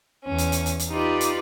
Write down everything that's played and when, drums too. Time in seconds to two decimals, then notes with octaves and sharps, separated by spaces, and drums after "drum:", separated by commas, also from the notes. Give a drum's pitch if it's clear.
0.25 E2 C#4
0.38 drum: hi-hat
0.52 drum: hi-hat
0.66 drum: hi-hat
0.79 drum: hi-hat
0.89 D#4 F4 G4 B4 D5
1.21 drum: hi-hat